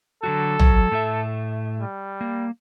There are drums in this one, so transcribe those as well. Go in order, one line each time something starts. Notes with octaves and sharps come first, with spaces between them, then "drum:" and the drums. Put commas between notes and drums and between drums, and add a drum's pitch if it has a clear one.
D3 F#3 F#4 A4
F#3, drum: tom
A2 A3 E5
G3
A#3